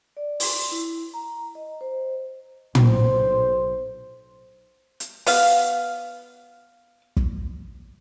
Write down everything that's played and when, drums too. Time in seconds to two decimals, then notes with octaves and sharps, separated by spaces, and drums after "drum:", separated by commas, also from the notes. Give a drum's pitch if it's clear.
0.17 D5
0.40 C6, drum: open hi-hat
0.72 E4
1.14 A#5
1.55 D#5
1.81 C5
2.75 B1 C5, drum: tom
5.00 drum: hi-hat
5.26 B3 F5, drum: open hi-hat
7.17 drum: kick